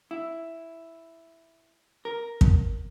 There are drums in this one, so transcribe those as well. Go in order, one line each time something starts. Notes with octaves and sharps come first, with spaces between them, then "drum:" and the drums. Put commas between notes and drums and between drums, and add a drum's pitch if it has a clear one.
E4
A#4
drum: kick